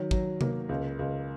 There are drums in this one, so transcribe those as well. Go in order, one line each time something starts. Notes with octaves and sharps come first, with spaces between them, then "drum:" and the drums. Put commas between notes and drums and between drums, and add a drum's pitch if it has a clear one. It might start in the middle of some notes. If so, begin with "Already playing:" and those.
Already playing: D#3 F#3
F#3, drum: kick
A#3, drum: tom C3
C#2
C#2